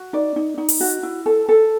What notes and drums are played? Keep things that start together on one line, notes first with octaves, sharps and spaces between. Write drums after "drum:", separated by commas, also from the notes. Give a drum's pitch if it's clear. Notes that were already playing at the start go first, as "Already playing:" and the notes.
Already playing: F#4
D#4 D5
D#4
D#4
drum: open hi-hat
F#4
E4
A4
A4